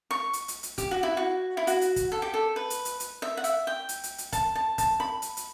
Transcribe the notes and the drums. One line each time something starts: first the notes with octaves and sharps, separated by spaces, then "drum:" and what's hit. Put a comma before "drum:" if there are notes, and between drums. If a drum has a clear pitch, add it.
C#6
drum: hi-hat
drum: hi-hat
drum: hi-hat
G4, drum: kick, hi-hat
F#4
E4
F#4
E4
F#4, drum: hi-hat
drum: hi-hat
drum: kick, hi-hat
A4
G4
A4
B4
drum: hi-hat
drum: hi-hat
drum: hi-hat
E5
F#5
E5, drum: hi-hat
G5
drum: hi-hat
drum: hi-hat
drum: hi-hat
A5, drum: kick, hi-hat
A5
A5, drum: kick, hi-hat
B5
drum: hi-hat
drum: hi-hat